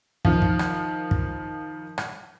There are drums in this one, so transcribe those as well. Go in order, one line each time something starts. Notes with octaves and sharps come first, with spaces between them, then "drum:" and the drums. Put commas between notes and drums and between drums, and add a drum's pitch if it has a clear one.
D#3 F3, drum: kick
drum: kick
drum: rim click
drum: kick
drum: rim click